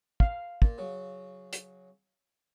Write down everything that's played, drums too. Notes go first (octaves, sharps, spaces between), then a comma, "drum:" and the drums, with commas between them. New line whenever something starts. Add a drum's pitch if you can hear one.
F5, drum: kick
A#2, drum: kick
C#3 F#3
drum: hi-hat